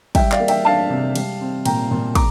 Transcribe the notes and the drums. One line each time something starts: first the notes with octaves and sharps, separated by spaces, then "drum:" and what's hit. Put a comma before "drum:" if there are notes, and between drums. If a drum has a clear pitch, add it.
G3 E5 G5, drum: kick, cymbal
D5 F5, drum: clap
A#3
E5 G5, drum: cymbal
D4 F5 A5
C3
G3, drum: cymbal
C4
A#2 G5 A#5, drum: cymbal
A#2
A#5 D6, drum: kick, cymbal